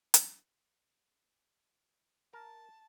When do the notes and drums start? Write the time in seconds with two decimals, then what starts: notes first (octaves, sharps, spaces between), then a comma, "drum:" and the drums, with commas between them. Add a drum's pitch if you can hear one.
0.14 drum: hi-hat
2.34 A#4 A5